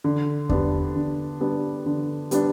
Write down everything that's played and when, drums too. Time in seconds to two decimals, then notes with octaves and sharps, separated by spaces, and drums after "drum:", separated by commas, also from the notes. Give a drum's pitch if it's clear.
0.04 D3
0.49 G3 B3 D4, drum: kick E2
0.96 D3
1.40 G3 B3 D4
1.86 D3
2.31 G3 B3 D4, drum: hi-hat